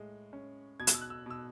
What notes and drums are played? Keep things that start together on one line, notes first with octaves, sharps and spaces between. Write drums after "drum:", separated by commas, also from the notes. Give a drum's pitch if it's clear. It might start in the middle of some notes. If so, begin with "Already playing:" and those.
Already playing: A2 G#3
C#4
B2 G#6
F#6, drum: hi-hat
E6
F#6
E6
B2 E6